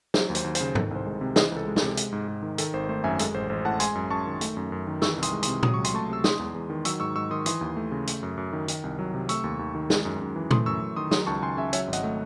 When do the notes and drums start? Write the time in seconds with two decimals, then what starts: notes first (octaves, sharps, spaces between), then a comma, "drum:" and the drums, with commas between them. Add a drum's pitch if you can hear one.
0.14 F#3 C5, drum: snare
0.30 D#2
0.35 C5, drum: hi-hat
0.44 D#2
0.55 C5, drum: hi-hat
0.61 C#3
0.75 D#3 A4, drum: tom G#2
0.91 C2 C5
1.06 G#3
1.21 C3
1.36 E3 C5 D#5, drum: snare
1.52 C#2 A4
1.67 G#3
1.76 A4, drum: snare
1.82 C3
1.97 G#3, drum: hi-hat
2.13 G#2
2.28 G#2
2.43 D#3
2.58 D#3 A4, drum: hi-hat
2.73 G#1 C5
2.89 A3 C5
3.04 F#2 E5 G#5
3.19 G#3 A4, drum: hi-hat
3.34 A1 C5
3.50 A1 C5
3.65 A2 F#5 A5
3.80 G#3 G#5 C6, drum: hi-hat
3.95 F#2
4.10 F#2 A5 C#6
4.27 D#3
4.41 A3, drum: hi-hat
4.57 F#2
4.72 F#2
4.87 D#3
5.02 E3 C#6 E6, drum: snare
5.18 C2
5.23 C6 D#6, drum: hi-hat
5.33 G#3
5.43 C6 D#6, drum: hi-hat
5.48 C3
5.63 F#3 D#6, drum: tom
5.74 C#2 C#6
5.84 C6, drum: hi-hat
5.94 A3 A5 C#6
6.09 C3 E6
6.24 G#3 C6 D#6, drum: snare
6.39 E2
6.55 E2
6.70 D#3
6.85 F#3 C#6 E6, drum: hi-hat
7.00 G#2 C#6 E6
7.16 G#2 C#6 E6
7.31 D#3 C6 D#6
7.46 E3 C6 D#6, drum: hi-hat
7.61 D#2
7.76 A3
7.91 C#3
8.07 A3, drum: hi-hat
8.23 F#2
8.38 F#2
8.53 D#3
8.68 D#3, drum: hi-hat
8.84 C2
8.99 F#3
9.14 C3
9.29 A3 C#6 E6, drum: hi-hat
9.44 D#2
9.59 D#2
9.75 D#3
9.90 G#3, drum: snare
10.05 F#2
10.21 F#2
10.36 E3
10.51 A3 C6 D#6, drum: tom
10.66 F#2 C#6 E6
10.81 F#2
10.96 D#3 C6 D#6
11.11 F#3 C6 D#6, drum: snare
11.27 C#2 A5 C#6
11.42 C#2 G#5 C6
11.57 C#3 E5 G#5
11.73 F#3 C#5 E5, drum: hi-hat
11.88 G#1
11.93 D#5 F#5, drum: hi-hat
12.03 A3